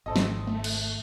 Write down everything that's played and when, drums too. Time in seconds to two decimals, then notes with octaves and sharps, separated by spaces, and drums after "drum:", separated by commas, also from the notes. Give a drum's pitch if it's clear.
0.06 G#1 C4 A4 D#5
0.16 drum: snare
0.47 A3
0.64 drum: cymbal